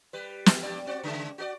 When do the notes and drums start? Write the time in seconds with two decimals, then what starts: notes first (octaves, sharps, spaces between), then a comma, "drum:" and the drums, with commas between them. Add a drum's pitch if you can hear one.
0.13 G3 B4
0.46 drum: snare
0.63 G2 G3 D5
0.87 C4 F#4 D5
1.03 C#3 G#3
1.38 F#4 G#4 D5